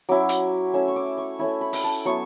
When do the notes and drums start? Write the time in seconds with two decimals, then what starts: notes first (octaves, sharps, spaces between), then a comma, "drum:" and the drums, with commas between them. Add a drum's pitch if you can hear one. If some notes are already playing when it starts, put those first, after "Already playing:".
0.09 F#3 C#4 E4 D6
0.29 drum: hi-hat
0.74 A3 C#4 E4 E6
0.88 C#6
0.96 D6
1.18 C#6
1.39 A3 C#4 E4
1.61 B5
1.73 G5, drum: open hi-hat
1.84 A5
2.05 F#3 B3 E4 C#6